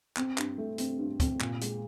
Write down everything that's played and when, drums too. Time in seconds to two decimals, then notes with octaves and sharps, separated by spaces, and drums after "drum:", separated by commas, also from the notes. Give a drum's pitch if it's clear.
0.17 C4, drum: clap
0.38 G2, drum: clap
0.58 A3
0.78 C4, drum: hi-hat
0.99 G2
1.20 C4, drum: kick, hi-hat
1.40 A#2, drum: clap
1.61 G#3, drum: hi-hat